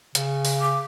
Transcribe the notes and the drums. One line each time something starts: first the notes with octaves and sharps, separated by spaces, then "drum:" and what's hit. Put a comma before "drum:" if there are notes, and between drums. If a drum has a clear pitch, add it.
C#3, drum: hi-hat
drum: open hi-hat
D6